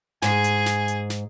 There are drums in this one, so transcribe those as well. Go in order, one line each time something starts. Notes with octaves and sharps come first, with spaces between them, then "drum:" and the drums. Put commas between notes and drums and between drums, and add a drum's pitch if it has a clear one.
G#2 G#4 G#5, drum: snare
drum: hi-hat
drum: snare
drum: hi-hat
drum: snare